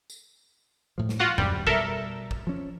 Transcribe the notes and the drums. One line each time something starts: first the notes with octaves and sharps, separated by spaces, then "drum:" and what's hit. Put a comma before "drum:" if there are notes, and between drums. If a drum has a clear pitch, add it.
drum: tambourine
A2 F3
drum: snare
F4 F#4 F#5
D1 F#2 F3 G3, drum: tom F2
B2 G3 A4 A#4 E5, drum: kick
drum: kick
F3 C#4